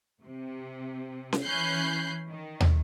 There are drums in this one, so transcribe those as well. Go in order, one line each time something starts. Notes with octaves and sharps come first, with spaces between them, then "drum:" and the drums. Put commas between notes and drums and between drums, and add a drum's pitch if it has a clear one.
C3
drum: snare C#4
E3 C#4 B5 F#6 G6 C7
D#3
drum: tom